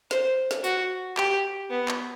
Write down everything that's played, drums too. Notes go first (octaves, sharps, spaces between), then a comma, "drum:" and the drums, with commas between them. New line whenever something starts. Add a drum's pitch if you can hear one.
C5, drum: snare
drum: snare
F#4, drum: tambourine
G4, drum: clap
B3
drum: clap